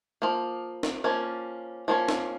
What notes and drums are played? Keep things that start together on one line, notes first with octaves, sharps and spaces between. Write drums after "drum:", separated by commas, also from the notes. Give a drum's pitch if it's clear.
F3 A#3
drum: snare
F3 A#3 C#4
F3 A#3 C#4
drum: snare